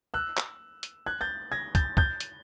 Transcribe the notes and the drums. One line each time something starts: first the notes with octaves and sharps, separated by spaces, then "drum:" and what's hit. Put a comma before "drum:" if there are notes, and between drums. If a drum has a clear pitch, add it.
E6 F#6
drum: clap
drum: hi-hat
F#6 G#6
G6 A6
G#6 A#6
G6 A6, drum: kick, hi-hat
G6 A6, drum: kick
drum: hi-hat